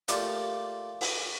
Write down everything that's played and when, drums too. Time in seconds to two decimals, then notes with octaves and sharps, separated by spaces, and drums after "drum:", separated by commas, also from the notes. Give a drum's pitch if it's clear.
0.08 A3 A#3 F4 G4 D5 F5, drum: hi-hat
1.01 drum: open hi-hat